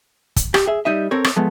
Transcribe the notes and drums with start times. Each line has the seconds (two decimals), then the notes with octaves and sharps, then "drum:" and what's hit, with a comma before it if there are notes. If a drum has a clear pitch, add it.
0.36 drum: kick, hi-hat
0.54 G4 G5, drum: rim click
0.67 G#4 E5
0.85 G3 D#4 D#5 E5
1.11 C4 A4 A#4 C#5
1.24 drum: rim click
1.36 F3 G#3 A3 B3